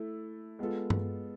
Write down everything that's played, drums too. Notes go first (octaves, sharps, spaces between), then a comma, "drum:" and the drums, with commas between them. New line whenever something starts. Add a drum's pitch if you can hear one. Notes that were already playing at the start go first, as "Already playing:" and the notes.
Already playing: A3 E4 A4
G#3 B3 F4 A4
drum: tom G2